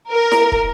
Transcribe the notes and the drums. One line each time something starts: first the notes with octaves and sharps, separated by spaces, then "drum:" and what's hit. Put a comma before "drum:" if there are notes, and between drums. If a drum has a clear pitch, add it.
A#4
drum: snare E4
drum: kick